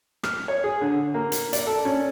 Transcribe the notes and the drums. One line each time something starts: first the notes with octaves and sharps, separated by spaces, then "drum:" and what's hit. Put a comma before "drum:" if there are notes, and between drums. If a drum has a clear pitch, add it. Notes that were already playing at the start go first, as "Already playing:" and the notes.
F6, drum: rim click
C#5
G#4
D3
A#3
drum: hi-hat
D5, drum: hi-hat
A4
C#4